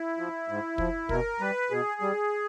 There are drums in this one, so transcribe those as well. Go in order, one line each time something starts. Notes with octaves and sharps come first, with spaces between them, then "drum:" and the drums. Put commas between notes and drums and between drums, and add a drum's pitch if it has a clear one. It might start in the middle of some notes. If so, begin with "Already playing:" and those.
Already playing: E4
F3
G#2
F3, drum: kick
B2 A#4, drum: kick
G3 B4
B2 G#4
G3